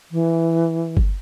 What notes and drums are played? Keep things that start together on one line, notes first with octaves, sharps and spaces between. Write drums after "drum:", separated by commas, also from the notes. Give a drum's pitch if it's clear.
E3
drum: kick G1